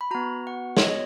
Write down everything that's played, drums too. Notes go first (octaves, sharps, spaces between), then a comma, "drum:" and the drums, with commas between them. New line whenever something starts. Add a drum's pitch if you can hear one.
B5
B3 F#4 A#5
F#5
C#5, drum: snare
D#5